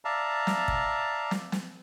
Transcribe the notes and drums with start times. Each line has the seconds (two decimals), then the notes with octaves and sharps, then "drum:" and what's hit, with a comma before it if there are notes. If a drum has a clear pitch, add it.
0.05 D5 E5 F5 A5 A#5
0.47 drum: snare
0.68 drum: kick
1.31 drum: snare
1.52 drum: snare